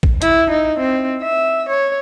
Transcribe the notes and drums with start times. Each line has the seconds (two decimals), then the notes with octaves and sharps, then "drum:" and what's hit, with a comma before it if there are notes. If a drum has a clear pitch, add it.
0.03 drum: kick
0.22 E4, drum: hi-hat
0.50 D#4
0.79 C4
1.22 E5
1.68 C#5